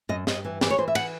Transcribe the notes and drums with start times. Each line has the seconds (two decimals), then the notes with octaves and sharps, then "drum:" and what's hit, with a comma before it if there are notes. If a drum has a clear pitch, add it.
0.09 F#2 D#5
0.27 G2 D#5, drum: snare
0.45 E3
0.61 E3 D5, drum: snare
0.70 C#5
0.78 E3 C5
0.88 E5
0.95 F#5, drum: cymbal